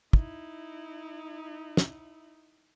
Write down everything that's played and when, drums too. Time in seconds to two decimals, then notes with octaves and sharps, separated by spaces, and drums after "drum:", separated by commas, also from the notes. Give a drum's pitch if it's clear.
0.13 D#4 E4, drum: kick
1.77 drum: snare